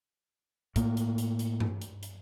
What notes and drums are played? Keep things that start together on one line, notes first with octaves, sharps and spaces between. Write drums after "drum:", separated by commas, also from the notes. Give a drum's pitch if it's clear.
A2 A#3, drum: kick, hi-hat
drum: hi-hat
drum: hi-hat
drum: hi-hat
drum: tom G2
drum: hi-hat
drum: hi-hat